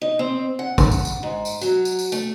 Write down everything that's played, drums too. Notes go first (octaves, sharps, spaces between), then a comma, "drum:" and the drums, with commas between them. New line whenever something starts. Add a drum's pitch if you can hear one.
D#4
C4
F#5
drum: kick, tambourine
drum: tambourine
drum: tambourine
G#2
drum: tambourine
F#3, drum: tambourine
drum: tambourine
drum: tambourine
A3, drum: tambourine